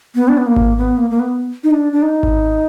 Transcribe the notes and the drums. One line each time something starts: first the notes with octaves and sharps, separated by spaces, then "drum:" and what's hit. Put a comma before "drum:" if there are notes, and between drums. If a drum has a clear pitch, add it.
B3
D4
B3
A#3
drum: kick G#1
B3
A#3
A#3
B3
D#4
D4
D4
D#4
drum: kick G#1